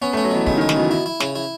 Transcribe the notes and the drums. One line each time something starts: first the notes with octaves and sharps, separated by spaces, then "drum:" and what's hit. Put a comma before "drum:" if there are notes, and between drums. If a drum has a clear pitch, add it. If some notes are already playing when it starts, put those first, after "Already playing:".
B3 C#4
A3 C#4
F#3
B2 E3
C#3 G#3, drum: kick
D#3 G#3
C#3, drum: snare
B2 E3
E4
E4
C#3, drum: snare
E4